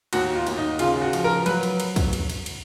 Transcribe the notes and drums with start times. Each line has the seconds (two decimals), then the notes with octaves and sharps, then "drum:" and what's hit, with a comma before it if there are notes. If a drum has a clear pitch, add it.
0.13 D#2 F#4, drum: cymbal
0.35 F4
0.47 D#2, drum: cymbal
0.58 D#4
0.79 C#3 F4, drum: cymbal
1.01 F#4
1.13 F3, drum: cymbal
1.24 A#4
1.46 F#3 B4, drum: cymbal
1.63 drum: cymbal
1.80 drum: cymbal
1.96 drum: kick, cymbal
2.13 drum: cymbal
2.30 drum: cymbal
2.46 drum: cymbal